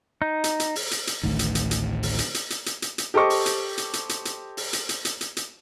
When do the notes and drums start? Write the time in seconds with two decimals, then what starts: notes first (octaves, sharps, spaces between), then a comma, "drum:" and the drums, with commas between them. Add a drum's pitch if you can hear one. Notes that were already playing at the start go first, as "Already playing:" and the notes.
0.22 D#4
0.44 drum: hi-hat
0.60 drum: hi-hat
0.75 drum: open hi-hat
0.91 drum: hi-hat
1.07 drum: hi-hat
1.23 A1 D2 A2 D#3
1.39 drum: hi-hat
1.55 drum: hi-hat
1.71 drum: hi-hat
2.03 drum: open hi-hat
2.19 drum: hi-hat
2.34 drum: hi-hat
2.50 drum: hi-hat
2.66 drum: hi-hat
2.82 drum: hi-hat
2.98 drum: hi-hat
3.14 G4 A4 C5 D#5 C#6 D6
3.30 drum: open hi-hat
3.46 drum: hi-hat
3.78 drum: hi-hat
3.93 drum: hi-hat
4.09 drum: hi-hat
4.25 drum: hi-hat
4.57 drum: open hi-hat
4.73 drum: hi-hat
4.89 drum: hi-hat
5.05 drum: hi-hat
5.21 drum: hi-hat
5.37 drum: hi-hat